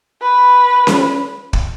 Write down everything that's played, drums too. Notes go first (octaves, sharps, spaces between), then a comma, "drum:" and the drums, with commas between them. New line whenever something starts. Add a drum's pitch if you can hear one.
B4
drum: snare C#4
drum: kick